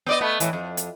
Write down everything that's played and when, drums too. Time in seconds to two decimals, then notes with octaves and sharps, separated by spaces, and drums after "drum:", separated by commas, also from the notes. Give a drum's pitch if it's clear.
0.06 B3 D5 D#5
0.21 A3 B3
0.40 A2 E3, drum: hi-hat
0.53 F2
0.77 drum: hi-hat